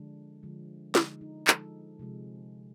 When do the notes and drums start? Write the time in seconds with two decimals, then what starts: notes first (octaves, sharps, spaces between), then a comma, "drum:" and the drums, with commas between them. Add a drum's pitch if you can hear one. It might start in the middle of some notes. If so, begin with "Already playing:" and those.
Already playing: D3 F3 G#3 D4
0.43 D3 F3 G#3
0.95 D3 F3 G#3 D#4, drum: snare
1.21 D#4
1.47 D3 F3 G#3 A4, drum: clap
1.99 C3 F3 G#3